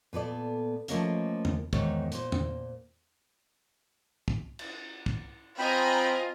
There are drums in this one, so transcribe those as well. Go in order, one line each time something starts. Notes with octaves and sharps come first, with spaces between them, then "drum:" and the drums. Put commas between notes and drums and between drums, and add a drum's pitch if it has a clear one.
A#2 B3 A4 D5
F3 A3 A#3 C#4 D#5 F5, drum: hi-hat
drum: tom E2
E2 G#2 D#3 C#5, drum: kick
A#2 C5, drum: hi-hat
drum: tom E2
drum: kick
drum: cymbal
drum: kick
C4 F4 D#5 G5 G#5 A#5 B5